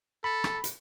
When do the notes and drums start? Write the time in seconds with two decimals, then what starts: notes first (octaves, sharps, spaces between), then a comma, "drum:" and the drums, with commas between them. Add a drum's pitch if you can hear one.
0.24 A4 B5
0.44 drum: rim click
0.64 drum: hi-hat